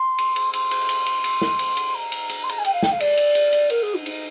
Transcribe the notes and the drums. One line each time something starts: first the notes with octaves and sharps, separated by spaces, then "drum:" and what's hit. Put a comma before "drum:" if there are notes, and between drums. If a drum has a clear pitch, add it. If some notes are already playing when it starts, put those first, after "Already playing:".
Already playing: C6
drum: cymbal
drum: cymbal
C6, drum: cymbal
drum: cymbal
drum: cymbal
drum: cymbal
drum: cymbal
drum: snare
drum: cymbal
drum: cymbal
A#5
drum: cymbal
drum: cymbal
C6
A#5, drum: cymbal
G#5
G5, drum: cymbal
F5
G5, drum: snare
F5
D5, drum: cymbal
drum: cymbal
drum: cymbal
drum: cymbal
A#4, drum: cymbal
G#4
D#4
D#4, drum: cymbal